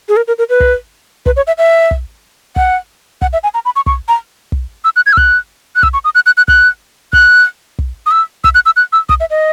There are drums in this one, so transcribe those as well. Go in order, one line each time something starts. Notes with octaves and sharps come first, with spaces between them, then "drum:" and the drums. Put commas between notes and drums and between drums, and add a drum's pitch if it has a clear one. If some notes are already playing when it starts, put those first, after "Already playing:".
G#4
A#4
A#4
A#4
B4
drum: kick
B4, drum: kick
C#5
E5
E5
drum: kick
F#5, drum: kick
F#5, drum: kick
E5
G#5
A#5
B5
C#6
C#6, drum: kick
A#5
drum: kick
E6
F#6
G#6
E6
F#6, drum: kick
F#6
E6, drum: kick
C#6
D#6
F#6
F#6
F#6
F#6, drum: kick
F#6, drum: kick
drum: kick
D#6
E6
E6, drum: kick
F#6
E6
F#6
E6
D#6, drum: kick
E5
D#5